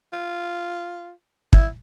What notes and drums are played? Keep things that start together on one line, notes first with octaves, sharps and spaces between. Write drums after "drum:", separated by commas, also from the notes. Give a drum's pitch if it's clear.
F4
E4, drum: kick